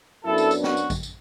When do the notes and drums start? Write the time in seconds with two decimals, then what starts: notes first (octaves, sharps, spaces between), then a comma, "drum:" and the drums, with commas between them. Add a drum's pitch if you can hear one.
0.25 F#2 F#3 B3 D4 E4 A4
0.38 drum: tambourine
0.51 drum: tambourine
0.64 F#4, drum: snare
0.77 drum: tambourine
0.90 drum: kick A1, tambourine
1.03 drum: tambourine